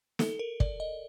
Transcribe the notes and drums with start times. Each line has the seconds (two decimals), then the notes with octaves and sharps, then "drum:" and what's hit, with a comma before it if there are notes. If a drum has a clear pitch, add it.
0.19 A4, drum: snare
0.39 A#4
0.60 D5, drum: kick
0.80 D#5